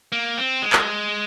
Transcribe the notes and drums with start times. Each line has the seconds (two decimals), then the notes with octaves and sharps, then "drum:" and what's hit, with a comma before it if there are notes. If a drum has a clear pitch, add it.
0.12 A#3
0.38 C4
0.62 G#3
0.73 drum: clap